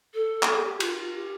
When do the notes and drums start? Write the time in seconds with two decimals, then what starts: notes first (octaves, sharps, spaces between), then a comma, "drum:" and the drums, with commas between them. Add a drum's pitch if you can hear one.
0.14 A4
0.43 drum: clap
0.56 G#4
0.65 G4
0.80 F4, drum: cymbal
1.14 G4